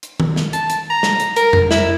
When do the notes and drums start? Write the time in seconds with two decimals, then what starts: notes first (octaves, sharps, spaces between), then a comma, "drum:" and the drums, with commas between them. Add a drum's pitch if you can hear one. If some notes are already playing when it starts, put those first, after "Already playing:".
0.03 drum: hi-hat
0.20 drum: tom D#3
0.36 drum: snare
0.53 A5, drum: hi-hat
0.70 drum: hi-hat
0.90 A#5
1.03 drum: snare
1.20 drum: hi-hat
1.36 A#4, drum: hi-hat
1.53 drum: tom F2
1.71 E4, drum: snare